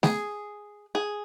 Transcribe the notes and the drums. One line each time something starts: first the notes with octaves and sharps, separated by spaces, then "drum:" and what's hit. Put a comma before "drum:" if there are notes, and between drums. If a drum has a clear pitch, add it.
G#4, drum: snare A3
G#4